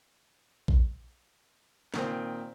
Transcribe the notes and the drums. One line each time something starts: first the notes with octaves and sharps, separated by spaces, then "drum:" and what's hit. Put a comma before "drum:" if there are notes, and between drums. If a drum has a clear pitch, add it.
drum: kick A#1
A#2 D#3 C4, drum: snare